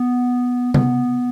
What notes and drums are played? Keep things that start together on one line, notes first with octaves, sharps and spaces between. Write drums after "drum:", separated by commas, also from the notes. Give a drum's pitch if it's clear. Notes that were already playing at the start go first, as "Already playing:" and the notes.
Already playing: B3
B3, drum: tom